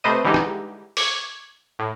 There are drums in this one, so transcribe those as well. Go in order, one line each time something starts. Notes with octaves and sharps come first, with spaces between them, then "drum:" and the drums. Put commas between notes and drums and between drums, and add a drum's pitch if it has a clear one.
C3 A3 B4 C5 D#5 D#7
D3 E3 G3 G#3 D#4 G4
drum: rim click
C#6 D6 G#6, drum: open hi-hat
A2